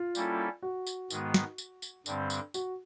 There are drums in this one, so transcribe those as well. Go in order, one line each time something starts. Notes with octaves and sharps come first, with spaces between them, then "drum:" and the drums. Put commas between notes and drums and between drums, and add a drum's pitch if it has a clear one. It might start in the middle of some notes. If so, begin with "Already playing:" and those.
Already playing: F4
G3 A#3 C#4 E4 A4, drum: tambourine
F#4
drum: tambourine
G#2 D#3 G#3 B3, drum: tambourine
drum: snare
drum: tambourine
drum: tambourine
G2 D3 G3 C4, drum: tambourine
drum: tambourine
F#4, drum: tambourine